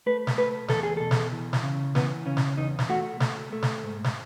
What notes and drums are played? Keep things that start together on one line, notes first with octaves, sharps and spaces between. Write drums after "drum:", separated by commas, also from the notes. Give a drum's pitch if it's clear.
A3 B4
drum: snare
A3 B4
E2 A4, drum: snare
G#4
B2 A4
drum: snare
E3
drum: snare
C#3
E3 B3, drum: snare
C#3 C#4
drum: snare
E2 D#4
drum: snare
A3 F#4
A3, drum: snare
A3
drum: snare
G#2
drum: snare